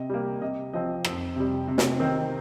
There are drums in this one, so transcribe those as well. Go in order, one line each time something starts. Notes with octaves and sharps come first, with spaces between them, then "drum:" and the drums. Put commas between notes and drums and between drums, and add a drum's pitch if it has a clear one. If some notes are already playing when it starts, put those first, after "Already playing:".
Already playing: C3 D#5
G3 A#3
C3 D#5
F3 C4 D#5
F2, drum: rim click
C3 G3
C3
drum: snare
D#3 C4